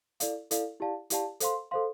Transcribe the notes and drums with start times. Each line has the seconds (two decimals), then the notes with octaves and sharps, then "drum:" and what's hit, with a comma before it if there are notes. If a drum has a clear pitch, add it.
0.20 E4 A4 D5 F5, drum: hi-hat
0.51 E4 A4 D5 F5, drum: hi-hat
0.80 E4 G4 D5 F5 A5
1.10 E4 G4 D5 F5 A5, drum: hi-hat
1.40 A4 C5 F5 C6, drum: hi-hat
1.71 A4 C5 F5 C6